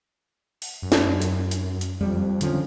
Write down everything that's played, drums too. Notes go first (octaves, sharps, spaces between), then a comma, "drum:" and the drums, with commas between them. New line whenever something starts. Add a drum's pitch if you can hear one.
drum: open hi-hat
F#2
drum: snare
drum: hi-hat
drum: hi-hat
drum: hi-hat
F2 G3
D3 F3 C#4, drum: hi-hat